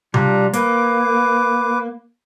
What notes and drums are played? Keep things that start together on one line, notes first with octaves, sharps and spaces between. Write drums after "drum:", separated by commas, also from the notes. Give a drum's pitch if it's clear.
G3 D4 F4 A#5, drum: tom C3
A#3 B4 D6, drum: hi-hat